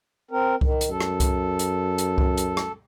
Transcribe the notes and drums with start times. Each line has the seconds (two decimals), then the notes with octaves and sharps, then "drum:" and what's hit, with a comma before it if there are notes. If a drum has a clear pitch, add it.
0.31 C4 A#4
0.61 D#3, drum: kick C2
0.81 drum: hi-hat
0.90 F#2 A4
1.00 drum: rim click
1.20 drum: kick C2, hi-hat
1.59 drum: hi-hat
1.98 drum: hi-hat
2.18 drum: kick C2
2.38 drum: hi-hat
2.57 drum: rim click